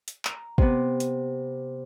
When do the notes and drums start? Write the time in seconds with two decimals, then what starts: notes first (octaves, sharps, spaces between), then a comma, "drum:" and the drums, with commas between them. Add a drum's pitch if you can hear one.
0.08 drum: hi-hat
0.25 A#5, drum: clap
0.58 C3 B3, drum: kick
1.00 drum: hi-hat